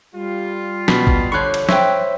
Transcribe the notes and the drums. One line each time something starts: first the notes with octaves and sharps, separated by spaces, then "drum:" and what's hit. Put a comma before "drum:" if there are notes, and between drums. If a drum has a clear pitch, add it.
G3 F4
B2 B5, drum: snare
drum: kick G#1
D3 F3 C#5 B5 C#6 F#6
drum: cymbal
G2 C5 C#5 E5 G5, drum: snare